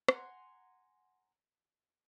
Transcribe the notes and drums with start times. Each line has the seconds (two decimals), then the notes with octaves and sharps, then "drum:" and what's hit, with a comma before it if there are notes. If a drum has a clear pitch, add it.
0.08 F#5 G#5 A#5 C6, drum: rim click